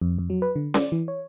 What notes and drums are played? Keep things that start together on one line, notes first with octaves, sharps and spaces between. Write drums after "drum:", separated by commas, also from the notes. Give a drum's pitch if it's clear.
F2
F2
F#3
B4
D3
D5, drum: snare C#4
E3
C#5